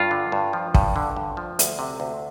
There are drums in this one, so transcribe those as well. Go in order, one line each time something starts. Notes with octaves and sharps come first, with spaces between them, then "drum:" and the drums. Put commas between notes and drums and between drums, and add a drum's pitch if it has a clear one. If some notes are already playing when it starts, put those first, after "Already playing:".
Already playing: G2 F4
D3
G2
F3
G2, drum: kick
D3
G2
F3
D2, drum: hi-hat
C3
D2